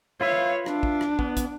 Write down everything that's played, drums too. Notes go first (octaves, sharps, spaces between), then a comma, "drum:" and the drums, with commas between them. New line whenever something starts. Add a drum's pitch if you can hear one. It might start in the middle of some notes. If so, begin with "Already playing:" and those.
F4 B4 C#5 E5 F5
D4, drum: rim click
drum: kick
drum: rim click
B3, drum: kick
drum: kick, hi-hat